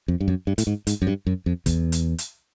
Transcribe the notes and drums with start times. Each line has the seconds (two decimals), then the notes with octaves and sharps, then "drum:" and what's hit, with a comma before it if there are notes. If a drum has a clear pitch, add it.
0.08 F2
0.20 G2
0.28 F#2
0.47 G2
0.58 A2, drum: hi-hat
0.67 G#2
0.87 G#2, drum: hi-hat
1.02 F#2
1.07 G2
1.27 F#2
1.46 F2
1.66 E2, drum: kick, hi-hat
1.92 drum: hi-hat
2.18 drum: hi-hat